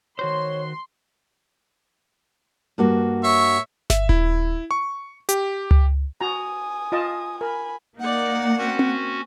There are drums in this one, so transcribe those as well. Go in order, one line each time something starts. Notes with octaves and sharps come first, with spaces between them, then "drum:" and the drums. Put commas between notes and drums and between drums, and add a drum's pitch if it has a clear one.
D#3 F#4 C5 C#5 C6
G2 A#3 F#4
C#5 E5 C#6
E5, drum: snare G1
E4, drum: kick D#1
C#6
G4, drum: hi-hat
drum: tom C#2
F#4 G#5 A#5 D#6
F4 D#5 A5
A#4 G#5 B5
A#3 D#4 D5 F#5
C4 C#4 F#4
drum: tom C4